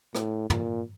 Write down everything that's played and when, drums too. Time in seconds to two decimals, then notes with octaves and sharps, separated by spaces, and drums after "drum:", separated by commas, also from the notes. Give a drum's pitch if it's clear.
0.15 A2, drum: rim click
0.50 A#2, drum: tom